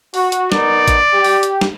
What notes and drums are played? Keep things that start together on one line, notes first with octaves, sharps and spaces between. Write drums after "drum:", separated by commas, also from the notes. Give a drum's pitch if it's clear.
F#4, drum: open hi-hat
drum: hi-hat
B3 D#4 A#4 D5, drum: snare
drum: kick A1, hi-hat
G4
drum: open hi-hat
drum: hi-hat
drum: snare